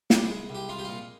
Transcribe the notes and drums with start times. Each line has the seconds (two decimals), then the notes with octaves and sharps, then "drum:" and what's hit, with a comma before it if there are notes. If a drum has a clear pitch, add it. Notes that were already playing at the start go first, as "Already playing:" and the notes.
0.10 C2 G4, drum: snare
0.25 G#3 G#4
0.49 C2
0.55 G4
0.69 G#3 F4
0.79 G4
0.84 A#2 F4